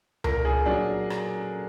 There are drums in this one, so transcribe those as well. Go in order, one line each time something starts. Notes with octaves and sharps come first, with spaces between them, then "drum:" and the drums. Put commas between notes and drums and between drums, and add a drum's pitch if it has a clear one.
A#2 A#4, drum: tom C#2
G#4
F#3 D4
drum: rim click